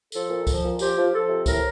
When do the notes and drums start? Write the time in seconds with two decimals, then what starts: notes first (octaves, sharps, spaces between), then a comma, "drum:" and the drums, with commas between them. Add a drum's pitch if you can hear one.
0.12 F3 A4, drum: tambourine
0.30 A#2
0.47 F3, drum: kick, tambourine
0.63 A#2
0.79 F3 G4, drum: tambourine
0.96 F3
1.13 F3 A4
1.29 C3
1.46 A2 A#4, drum: kick, tambourine